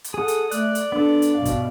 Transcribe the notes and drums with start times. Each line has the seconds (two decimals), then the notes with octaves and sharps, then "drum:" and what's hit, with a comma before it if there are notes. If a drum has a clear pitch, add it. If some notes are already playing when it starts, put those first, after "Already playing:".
0.04 drum: hi-hat
0.14 G#4 A4 F#5 D#6
0.28 drum: hi-hat
0.51 A3 D5 F#6, drum: hi-hat
0.75 drum: hi-hat
0.92 B3 D4 A4
1.22 drum: hi-hat
1.35 G2 B2 F5
1.45 drum: kick, hi-hat